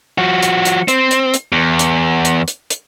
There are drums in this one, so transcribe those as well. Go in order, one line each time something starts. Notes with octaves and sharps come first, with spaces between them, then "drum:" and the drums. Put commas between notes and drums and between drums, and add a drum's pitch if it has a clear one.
F3 F#4
drum: hi-hat
drum: hi-hat
C4, drum: hi-hat
drum: hi-hat
drum: hi-hat
E2
drum: hi-hat
drum: hi-hat
drum: hi-hat
drum: hi-hat